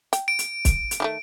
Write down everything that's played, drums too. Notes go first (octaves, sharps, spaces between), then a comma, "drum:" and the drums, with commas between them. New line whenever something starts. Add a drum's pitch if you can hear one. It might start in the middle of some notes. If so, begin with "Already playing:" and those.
G5, drum: hi-hat
D7
drum: hi-hat
drum: kick, hi-hat
drum: hi-hat
D#3 G3 A3